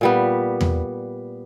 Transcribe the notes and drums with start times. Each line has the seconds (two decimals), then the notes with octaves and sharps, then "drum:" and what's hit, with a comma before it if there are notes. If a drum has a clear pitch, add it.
0.01 A#2 G3 B3
0.61 drum: tom E2